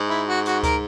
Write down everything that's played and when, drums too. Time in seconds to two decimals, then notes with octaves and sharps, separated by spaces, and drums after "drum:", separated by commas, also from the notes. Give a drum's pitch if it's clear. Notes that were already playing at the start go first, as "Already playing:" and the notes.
Already playing: G#2
0.09 E4
0.28 F#4
0.46 F#4, drum: hi-hat
0.63 A#4, drum: kick C#2, hi-hat